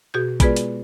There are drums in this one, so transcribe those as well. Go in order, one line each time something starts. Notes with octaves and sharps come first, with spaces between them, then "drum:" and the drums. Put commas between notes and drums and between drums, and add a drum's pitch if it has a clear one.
B2 F#4 G#4 G6
G#3 B3 F4 G#4 B4 D5, drum: kick A1, hi-hat
drum: hi-hat